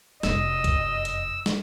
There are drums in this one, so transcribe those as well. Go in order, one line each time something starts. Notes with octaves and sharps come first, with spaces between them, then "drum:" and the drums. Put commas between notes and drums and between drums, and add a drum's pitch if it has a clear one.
F1 F#2 D#5 E6, drum: snare
drum: kick, hi-hat
drum: hi-hat
drum: snare